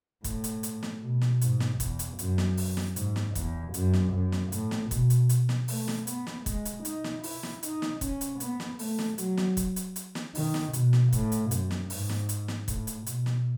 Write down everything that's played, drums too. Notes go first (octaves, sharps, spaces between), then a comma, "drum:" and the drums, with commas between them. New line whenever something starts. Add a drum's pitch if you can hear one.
A2, drum: kick, hi-hat
drum: hi-hat
drum: hi-hat
drum: snare
B2
drum: snare
G#2, drum: hi-hat
drum: snare
E2, drum: kick, hi-hat
drum: hi-hat
F#2, drum: hi-hat
drum: snare
drum: open hi-hat
drum: snare
G#2, drum: hi-hat
drum: snare
E2, drum: kick, hi-hat
F#2, drum: hi-hat
drum: snare
F#2
drum: snare
A2, drum: hi-hat
drum: snare
B2, drum: kick, hi-hat
drum: hi-hat
drum: hi-hat
drum: snare
A3, drum: open hi-hat
drum: snare
B3, drum: hi-hat
drum: snare
G#3, drum: kick, hi-hat
drum: hi-hat
D#4, drum: hi-hat
drum: snare
E4, drum: open hi-hat
drum: snare
D#4, drum: hi-hat
drum: snare
C#4, drum: kick, hi-hat
drum: hi-hat
B3, drum: hi-hat
drum: snare
A3, drum: open hi-hat
drum: snare
F#3, drum: hi-hat
drum: snare
drum: kick, hi-hat
drum: hi-hat
drum: hi-hat
drum: snare
D#3, drum: open hi-hat
drum: snare
B2, drum: hi-hat
drum: snare
A2, drum: kick, hi-hat
drum: hi-hat
F#2, drum: hi-hat
drum: snare
G#2, drum: open hi-hat
drum: snare
drum: hi-hat
drum: snare
A2, drum: kick, hi-hat
drum: hi-hat
B2, drum: hi-hat
drum: snare